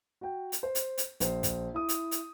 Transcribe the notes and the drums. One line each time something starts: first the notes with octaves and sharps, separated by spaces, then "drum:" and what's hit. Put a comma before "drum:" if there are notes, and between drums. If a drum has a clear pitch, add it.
F#4 G5
drum: hi-hat
C5
drum: hi-hat
drum: hi-hat
A#1 C5, drum: hi-hat
drum: kick, hi-hat
E4 D#6
drum: hi-hat
drum: hi-hat